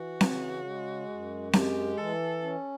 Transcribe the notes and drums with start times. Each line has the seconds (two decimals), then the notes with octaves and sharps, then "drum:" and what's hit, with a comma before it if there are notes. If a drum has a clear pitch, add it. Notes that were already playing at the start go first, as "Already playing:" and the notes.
Already playing: E3 F#4
0.21 C#3, drum: snare C4
0.65 G#3
1.09 F#2
1.53 G#3 G4, drum: snare C4
1.98 E3 A4
2.42 C#4